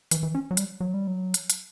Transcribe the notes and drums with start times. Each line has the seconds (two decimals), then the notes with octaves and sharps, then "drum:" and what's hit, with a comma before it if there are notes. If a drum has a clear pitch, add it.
0.11 E3, drum: hi-hat
0.23 E3
0.35 C#4
0.51 F#3
0.57 G3, drum: hi-hat
0.80 F#3
0.94 G3
1.07 F#3
1.34 drum: hi-hat
1.50 drum: hi-hat